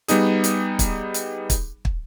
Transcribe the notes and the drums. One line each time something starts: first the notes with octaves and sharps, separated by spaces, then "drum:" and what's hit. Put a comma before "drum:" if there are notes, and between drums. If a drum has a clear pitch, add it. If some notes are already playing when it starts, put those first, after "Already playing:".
G3 B3 D#4 G#4, drum: hi-hat
drum: hi-hat
drum: kick, hi-hat
drum: hi-hat
drum: kick, hi-hat
drum: kick